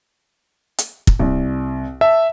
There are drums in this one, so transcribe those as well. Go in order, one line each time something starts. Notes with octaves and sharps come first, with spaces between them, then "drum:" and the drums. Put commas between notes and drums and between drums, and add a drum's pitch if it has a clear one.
drum: hi-hat
drum: kick
C2
E5 A5